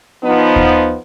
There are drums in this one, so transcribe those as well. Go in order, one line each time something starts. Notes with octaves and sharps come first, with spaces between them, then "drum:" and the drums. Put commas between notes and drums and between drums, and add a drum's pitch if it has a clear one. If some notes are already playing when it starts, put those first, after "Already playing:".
F3 B3 D#4
drum: kick D#2